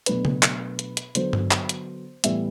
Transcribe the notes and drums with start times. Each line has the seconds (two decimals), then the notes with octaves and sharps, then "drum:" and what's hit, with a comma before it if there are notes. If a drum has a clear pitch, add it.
0.06 B2 F#3 A3 D4 B4, drum: hi-hat
0.25 drum: tom C#3
0.43 drum: clap
0.79 drum: hi-hat
0.97 drum: hi-hat
1.15 D3 F#3 B3 C5, drum: hi-hat
1.33 drum: tom G2
1.51 drum: clap
1.69 drum: hi-hat
2.24 A2 E3 G3 B3 E4 E5, drum: hi-hat